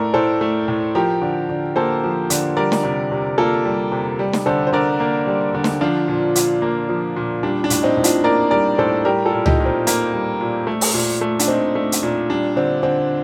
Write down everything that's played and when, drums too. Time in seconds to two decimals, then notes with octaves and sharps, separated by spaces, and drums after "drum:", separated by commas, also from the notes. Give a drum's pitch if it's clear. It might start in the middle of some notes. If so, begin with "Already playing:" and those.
Already playing: A2 A3 A#4 D5
0.14 A2 A4 C5
0.41 A3
0.68 A2
0.95 F3 G4 A#4
1.22 D3
1.50 D3
1.76 A#3 A4 C5
2.04 F3
2.30 D3, drum: hi-hat
2.57 G3 A#4 D5
2.72 drum: snare
2.84 C3
3.11 C3
3.38 A#3 F4 A4
3.65 G3
3.92 C3
4.19 G3
4.33 drum: snare
4.46 D3 A4 C5
4.67 C5
4.73 D3 A#4 D5
5.00 A#3
5.27 G3
5.55 D3
5.64 drum: snare
5.81 F3 D4 F4
6.08 A#2
6.35 A#2, drum: hi-hat
6.62 A#3
6.89 F3
7.16 A#2
7.43 G3 D4
7.64 D4
7.70 A2, drum: hi-hat
7.83 C4 D#4
7.97 A2
8.04 D4 F4, drum: hi-hat
8.24 A#3 A#4 D5
8.51 G3 A#4 D5
8.78 A2 A4 C5
9.05 G3 G4 A#4
9.25 F4 A4
9.32 A#2
9.46 D#4 G4, drum: tom C#2
9.60 A#2
9.65 C4 D#4
9.87 A#3, drum: hi-hat
10.13 G3
10.41 A#2
10.67 A3
10.81 drum: open hi-hat
10.94 A#2
11.21 A3
11.39 D4, drum: hi-hat
11.48 A#2 C4 D#4
11.75 A3
11.92 drum: hi-hat
12.03 A#2
12.29 G3 D4
12.56 D3 C4
12.83 D3 C4